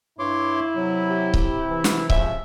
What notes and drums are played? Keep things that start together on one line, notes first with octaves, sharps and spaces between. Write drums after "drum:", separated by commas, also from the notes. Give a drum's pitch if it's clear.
G2 E4 C#5 C6 D6
C3 F#3
G4
drum: kick C#1
E3
drum: snare
F3 G#3 C#4 E5, drum: kick C#1